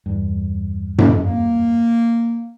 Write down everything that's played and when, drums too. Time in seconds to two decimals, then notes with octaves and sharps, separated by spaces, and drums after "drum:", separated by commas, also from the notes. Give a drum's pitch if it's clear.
0.06 E2 G2
0.98 drum: tom F#2
1.25 A#3